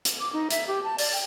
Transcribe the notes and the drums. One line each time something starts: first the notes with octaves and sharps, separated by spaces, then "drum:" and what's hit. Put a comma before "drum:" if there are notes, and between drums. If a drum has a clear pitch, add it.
drum: hi-hat
D6
D#4
E5, drum: hi-hat
G4
A5
D5, drum: open hi-hat
G5